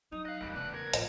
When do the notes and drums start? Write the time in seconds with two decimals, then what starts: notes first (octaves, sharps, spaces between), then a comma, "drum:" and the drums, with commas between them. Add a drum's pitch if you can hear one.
0.12 F#3 D#4 D#6
0.25 D#5 F5 F#6
0.41 E2 A#2 G3 G#3
0.56 C#3 E3 A3 B3 D5 F#6
0.73 B1 A#4 G#6
0.93 A1 A2 F3, drum: hi-hat